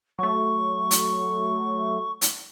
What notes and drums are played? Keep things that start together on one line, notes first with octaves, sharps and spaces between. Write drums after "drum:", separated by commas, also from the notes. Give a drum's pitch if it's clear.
F#3 A3 C#6
drum: hi-hat
drum: hi-hat